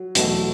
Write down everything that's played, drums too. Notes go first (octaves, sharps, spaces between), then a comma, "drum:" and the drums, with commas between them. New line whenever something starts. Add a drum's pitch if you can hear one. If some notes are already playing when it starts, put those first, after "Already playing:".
Already playing: F#3
E2 B2 F#3 A3, drum: hi-hat